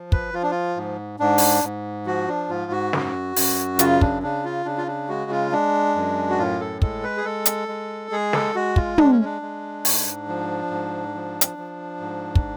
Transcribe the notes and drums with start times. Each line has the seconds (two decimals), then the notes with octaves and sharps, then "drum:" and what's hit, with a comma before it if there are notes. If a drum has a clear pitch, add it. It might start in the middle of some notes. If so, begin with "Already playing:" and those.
Already playing: F3
0.12 B4, drum: kick
0.34 F3 F4
0.43 D4
0.51 F4
0.77 G#2
1.19 G#2 D4
1.38 drum: open hi-hat
1.64 G#2
2.06 F3 F#4
2.28 D4
2.49 G#2 F4
2.72 F#4
2.93 F#2, drum: snare
3.36 F#2, drum: open hi-hat
3.79 C#3 F4, drum: hi-hat
4.01 D4, drum: kick
4.22 C#3 D4
4.44 F4
4.65 C#3 D4
4.78 F4
4.87 D4
5.09 G#3 F#4
5.31 F4
5.52 G#3 D4
5.96 F#2
6.30 F#4
6.38 A2 F4
6.60 A4
6.82 G#3 A4, drum: kick
7.04 B4
7.17 G#4
7.25 G#3 A4
7.45 drum: hi-hat
7.68 G#3
8.11 G#3 G#4
8.33 A4, drum: snare
8.56 G#3 F#4
8.76 F4, drum: kick
8.98 G#3 D4, drum: tom
9.11 C#4
9.24 D4
9.42 G#3
9.85 G#2, drum: open hi-hat
10.28 F3
10.71 G#2
11.15 F3
11.41 drum: hi-hat
11.58 F3
12.00 G#2
12.35 drum: kick